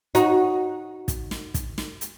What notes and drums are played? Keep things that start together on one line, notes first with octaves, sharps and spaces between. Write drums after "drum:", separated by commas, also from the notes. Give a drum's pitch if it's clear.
D#4 F#4, drum: hi-hat
drum: kick, hi-hat
drum: snare
drum: kick, hi-hat
drum: snare
drum: hi-hat